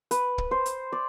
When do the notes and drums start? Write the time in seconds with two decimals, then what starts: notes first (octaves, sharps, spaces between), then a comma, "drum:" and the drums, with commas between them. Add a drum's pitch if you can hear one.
0.11 B4, drum: hi-hat
0.38 drum: kick
0.51 C5
0.66 drum: hi-hat
0.92 D5